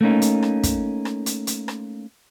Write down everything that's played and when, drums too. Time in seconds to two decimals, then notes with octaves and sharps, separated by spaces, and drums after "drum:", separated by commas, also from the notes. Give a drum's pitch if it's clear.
0.01 A3 A#3 C#4 D#4
0.22 drum: hi-hat
0.43 drum: rim click
0.63 drum: kick, hi-hat
1.05 drum: rim click
1.26 drum: hi-hat
1.47 drum: hi-hat
1.68 drum: rim click